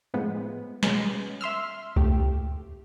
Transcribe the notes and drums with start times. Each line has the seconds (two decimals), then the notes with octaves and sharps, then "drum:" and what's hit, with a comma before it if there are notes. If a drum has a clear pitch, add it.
0.14 A2 F3 G#3 B3
0.83 B2 G#3 B3 C#4, drum: snare
1.41 E5 C6 E6 F6
1.96 A3 G4, drum: kick C2